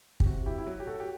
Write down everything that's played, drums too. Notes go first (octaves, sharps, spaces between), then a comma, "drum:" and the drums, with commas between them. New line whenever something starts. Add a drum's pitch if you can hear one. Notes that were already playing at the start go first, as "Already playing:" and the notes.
G4, drum: kick
C3 F#4
E4 G4
E4
F#3 F#4
G4
F#4 A4
G4